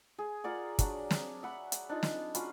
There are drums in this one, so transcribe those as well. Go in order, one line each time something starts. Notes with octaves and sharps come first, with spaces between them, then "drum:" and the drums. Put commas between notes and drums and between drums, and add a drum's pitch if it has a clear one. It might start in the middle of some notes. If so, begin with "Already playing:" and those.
G#4
F4 A#4 D5 F#5
F#3 D4, drum: kick, hi-hat
drum: snare
E5 F#5 B5
drum: hi-hat
D4 D#4 F4
drum: snare
F#3 C#4 F4 B5, drum: hi-hat